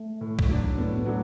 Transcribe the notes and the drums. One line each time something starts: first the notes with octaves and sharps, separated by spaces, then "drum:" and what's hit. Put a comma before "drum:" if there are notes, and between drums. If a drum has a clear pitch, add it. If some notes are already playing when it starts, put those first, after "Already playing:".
Already playing: A3
A2
drum: kick B1
F#3 D4
A2 B3
B3
F#3 A3 D4